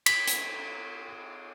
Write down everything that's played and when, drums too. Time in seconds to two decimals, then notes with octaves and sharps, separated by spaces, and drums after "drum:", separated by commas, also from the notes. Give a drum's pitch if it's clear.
0.06 B6, drum: cymbal
0.27 drum: hi-hat